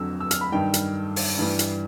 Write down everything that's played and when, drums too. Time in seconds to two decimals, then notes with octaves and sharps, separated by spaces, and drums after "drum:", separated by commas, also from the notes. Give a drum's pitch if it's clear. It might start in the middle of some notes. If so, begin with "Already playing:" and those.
Already playing: F2 D3 F#3 E6
0.20 E6
0.31 F6, drum: hi-hat
0.41 B5
0.52 G2 D#3 G3 G5
0.74 drum: hi-hat
1.16 drum: open hi-hat
1.38 G2 E3 G3
1.59 drum: hi-hat